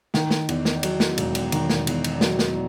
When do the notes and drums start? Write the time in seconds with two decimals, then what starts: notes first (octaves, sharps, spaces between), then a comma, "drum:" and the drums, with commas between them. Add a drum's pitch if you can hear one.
0.14 D#3, drum: snare
0.31 drum: snare
0.49 E2, drum: cymbal
0.65 drum: snare
0.83 F#3, drum: cymbal
1.00 drum: snare
1.18 E1, drum: cymbal
1.35 drum: cymbal
1.52 D#3, drum: cymbal
1.69 drum: snare
1.87 E2, drum: cymbal
2.04 drum: cymbal
2.21 F#3, drum: snare
2.39 drum: snare